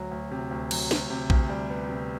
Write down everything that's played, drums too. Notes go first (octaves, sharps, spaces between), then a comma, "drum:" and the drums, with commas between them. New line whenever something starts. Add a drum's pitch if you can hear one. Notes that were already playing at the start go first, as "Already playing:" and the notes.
Already playing: D2 F#3
D2
C3
D2
F#3, drum: cymbal
D2, drum: snare
C3
D2, drum: kick A#1
G3
B3
C3